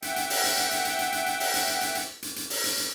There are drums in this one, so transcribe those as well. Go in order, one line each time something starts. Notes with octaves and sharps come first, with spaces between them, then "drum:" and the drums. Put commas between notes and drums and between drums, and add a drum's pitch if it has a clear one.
E5 F#5 G5, drum: hi-hat
drum: hi-hat
drum: open hi-hat
drum: hi-hat
drum: hi-hat
drum: hi-hat
drum: hi-hat
drum: hi-hat
drum: hi-hat
drum: hi-hat
drum: open hi-hat
drum: hi-hat
drum: hi-hat
drum: hi-hat
drum: hi-hat
drum: hi-hat
drum: hi-hat
drum: open hi-hat
drum: hi-hat
drum: hi-hat